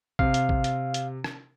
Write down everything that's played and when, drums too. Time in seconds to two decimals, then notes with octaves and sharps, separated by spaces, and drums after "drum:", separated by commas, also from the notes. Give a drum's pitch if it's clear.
0.19 C3 F5, drum: kick A#1
0.34 drum: hi-hat
0.49 drum: kick A#1
0.64 drum: hi-hat
0.94 drum: hi-hat
1.24 drum: rim click